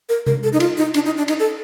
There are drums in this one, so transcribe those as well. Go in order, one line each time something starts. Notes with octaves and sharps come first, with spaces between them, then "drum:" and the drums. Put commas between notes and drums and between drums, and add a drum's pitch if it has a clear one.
A#4
A#4, drum: tom C3
A4
D#4
F4, drum: cymbal
D#4
D4, drum: cymbal
D#4
D4
D#4, drum: cymbal
A4